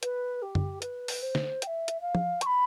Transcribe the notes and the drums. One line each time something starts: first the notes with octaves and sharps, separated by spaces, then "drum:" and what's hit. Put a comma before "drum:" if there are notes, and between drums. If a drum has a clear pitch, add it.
B4, drum: hi-hat
G4
drum: tom F#2
B4, drum: hi-hat
drum: open hi-hat
C5
drum: snare
G5, drum: hi-hat
E5
drum: hi-hat
F5
drum: tom F3
C#6, drum: hi-hat
B5